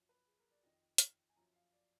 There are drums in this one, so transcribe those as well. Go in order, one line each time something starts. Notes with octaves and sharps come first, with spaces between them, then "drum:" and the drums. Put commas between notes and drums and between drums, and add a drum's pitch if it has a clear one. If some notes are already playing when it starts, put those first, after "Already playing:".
Already playing: F#2 F3
B4
G#4
A#4
D5
F2 D#3 D#5
drum: hi-hat
G#5
F#2 F3 A#5
F5
D5